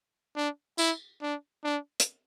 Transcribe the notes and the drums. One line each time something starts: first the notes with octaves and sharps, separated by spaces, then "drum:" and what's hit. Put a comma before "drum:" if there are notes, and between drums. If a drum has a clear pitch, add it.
D4
E4, drum: tambourine
D4
D4
drum: hi-hat